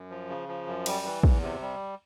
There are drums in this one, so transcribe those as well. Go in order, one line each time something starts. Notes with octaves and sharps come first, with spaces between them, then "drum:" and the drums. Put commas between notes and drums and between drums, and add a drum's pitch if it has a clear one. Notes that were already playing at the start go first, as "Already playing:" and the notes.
Already playing: F#2
F3
C#3
F3
F#2
G3, drum: cymbal
E3
E2, drum: kick
C3
G3